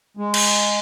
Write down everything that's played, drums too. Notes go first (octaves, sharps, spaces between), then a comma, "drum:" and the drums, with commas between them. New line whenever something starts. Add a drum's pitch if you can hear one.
G#3
drum: cymbal